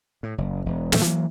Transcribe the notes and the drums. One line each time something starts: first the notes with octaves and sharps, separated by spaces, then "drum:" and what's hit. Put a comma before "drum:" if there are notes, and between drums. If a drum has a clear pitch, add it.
A2
F#1
E1
D#2 G#2 C3 A3, drum: snare
E3 F#3 A#3